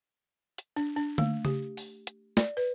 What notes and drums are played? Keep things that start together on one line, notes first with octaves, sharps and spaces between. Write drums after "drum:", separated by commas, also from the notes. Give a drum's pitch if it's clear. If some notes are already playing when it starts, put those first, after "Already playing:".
drum: hi-hat
D4
D4
A3, drum: tom D3
G4, drum: tom C#3
drum: open hi-hat
drum: hi-hat
D5, drum: snare
B4